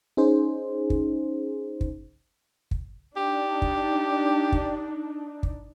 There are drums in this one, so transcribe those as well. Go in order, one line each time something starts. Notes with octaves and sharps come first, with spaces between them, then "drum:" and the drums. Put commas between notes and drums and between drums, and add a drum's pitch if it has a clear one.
C#4 D#4 G#4 C5
drum: kick
drum: kick
drum: kick
D4 D#4 G4
drum: kick
drum: kick
drum: kick